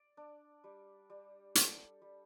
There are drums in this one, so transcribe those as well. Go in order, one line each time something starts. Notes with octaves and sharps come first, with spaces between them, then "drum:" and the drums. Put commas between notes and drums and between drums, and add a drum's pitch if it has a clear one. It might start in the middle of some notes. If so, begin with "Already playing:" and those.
Already playing: D5
D4
G3
G3
A4, drum: hi-hat
G3